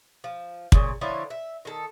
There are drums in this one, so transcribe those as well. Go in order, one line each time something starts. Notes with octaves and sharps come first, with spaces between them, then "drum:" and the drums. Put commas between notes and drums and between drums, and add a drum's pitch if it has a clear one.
F3
A#2 C#3, drum: kick
D3 F3 E4 C#5
E5
D#3 A4